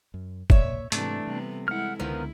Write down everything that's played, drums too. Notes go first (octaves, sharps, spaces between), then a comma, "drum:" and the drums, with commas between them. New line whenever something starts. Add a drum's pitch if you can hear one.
F#2
A#2 C#5 E5, drum: kick
G#2 C3 E3 G3 A3 D4 A4, drum: hi-hat
C3 G3 B3
G#3 E4 F#5 F6
C#2 D3 D#3 F3 G#3 B3 E4 A#4